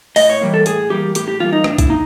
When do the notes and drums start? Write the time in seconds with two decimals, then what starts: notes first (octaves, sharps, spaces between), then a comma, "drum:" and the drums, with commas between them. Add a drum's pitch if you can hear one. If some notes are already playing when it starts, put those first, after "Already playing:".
0.16 A2 D#5, drum: open hi-hat
0.30 C#5
0.41 E3 G3 A#3
0.54 A4
0.66 A2 G#4, drum: hi-hat
0.90 E3 G3 A#3 G4
1.15 A2 G4, drum: hi-hat
1.28 G4
1.40 E3 G3 A#3 F4
1.52 D#4
1.64 A2 D4, drum: rim click
1.78 E4, drum: kick A#1, hi-hat
1.89 A#3 D#4